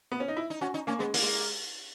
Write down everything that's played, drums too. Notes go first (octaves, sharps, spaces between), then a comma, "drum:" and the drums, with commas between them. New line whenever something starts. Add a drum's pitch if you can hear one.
B3
C#4
D#4
E4
D#4
C#4 F#4
D#4
A#3 C#4
G#3 B3
A#3, drum: open hi-hat
G#3